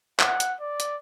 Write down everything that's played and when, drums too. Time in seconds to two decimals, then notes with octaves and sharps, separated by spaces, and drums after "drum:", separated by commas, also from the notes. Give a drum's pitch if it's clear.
0.20 F#5, drum: clap
0.40 drum: hi-hat
0.60 D5
0.80 drum: hi-hat